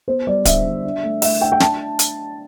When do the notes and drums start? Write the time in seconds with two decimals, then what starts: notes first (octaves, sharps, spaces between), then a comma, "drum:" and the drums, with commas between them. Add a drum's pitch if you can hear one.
0.08 B3 C5
0.27 G3 D5
0.45 D3 E5, drum: kick, hi-hat
0.65 D3
0.84 D4
1.03 A3
1.22 A3 E5, drum: open hi-hat
1.41 D4 G5
1.52 G5
1.60 D4 A5, drum: snare
1.99 drum: hi-hat